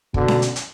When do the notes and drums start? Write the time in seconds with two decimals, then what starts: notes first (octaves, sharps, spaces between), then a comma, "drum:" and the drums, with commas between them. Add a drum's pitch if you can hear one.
0.14 B2 D3, drum: kick
0.28 drum: snare C#4
0.42 drum: hi-hat
0.56 drum: hi-hat